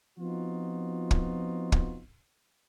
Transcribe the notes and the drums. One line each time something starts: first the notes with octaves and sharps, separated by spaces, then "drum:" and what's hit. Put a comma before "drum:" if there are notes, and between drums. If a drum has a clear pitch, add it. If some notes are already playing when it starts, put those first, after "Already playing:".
F3 B3 C4 D#4 F4 F#4
drum: kick
drum: kick